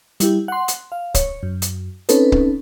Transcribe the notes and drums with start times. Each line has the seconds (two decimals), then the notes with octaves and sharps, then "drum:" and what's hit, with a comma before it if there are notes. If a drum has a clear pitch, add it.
0.20 G3 E4 G4, drum: hi-hat
0.48 F#5 C6
0.68 drum: hi-hat
0.92 F5
1.14 C#5, drum: kick C#1, hi-hat
1.43 F#2
1.62 drum: hi-hat
2.09 C4 C#4 D#4 A4 B4, drum: hi-hat
2.32 drum: kick C#1